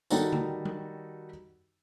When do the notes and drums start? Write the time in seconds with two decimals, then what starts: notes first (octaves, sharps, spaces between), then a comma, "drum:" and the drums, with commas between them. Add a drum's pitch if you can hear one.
0.10 D#3 G3 D#4 F#4 A4, drum: tambourine
0.33 drum: tom
0.65 drum: tom G3